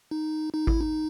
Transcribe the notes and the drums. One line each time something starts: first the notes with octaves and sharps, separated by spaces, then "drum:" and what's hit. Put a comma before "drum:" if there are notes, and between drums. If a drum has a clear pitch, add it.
D#4
D#4
E4, drum: kick G#1
D#4